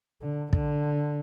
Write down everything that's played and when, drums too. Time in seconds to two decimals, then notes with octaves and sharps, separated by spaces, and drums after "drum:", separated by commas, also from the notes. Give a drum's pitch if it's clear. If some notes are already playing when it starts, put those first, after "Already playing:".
0.22 D3
0.53 D3, drum: kick